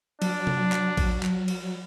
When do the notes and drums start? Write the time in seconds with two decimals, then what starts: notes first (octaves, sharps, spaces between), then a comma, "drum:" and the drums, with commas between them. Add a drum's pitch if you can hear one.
0.22 F#3 D4, drum: cymbal
0.47 drum: tom C3
0.72 drum: clap
0.97 drum: kick A1, cymbal
1.23 drum: clap
1.48 drum: cymbal